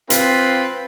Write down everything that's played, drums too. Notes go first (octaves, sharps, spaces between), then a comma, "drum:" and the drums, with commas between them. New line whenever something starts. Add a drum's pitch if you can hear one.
C4 F4 B4, drum: hi-hat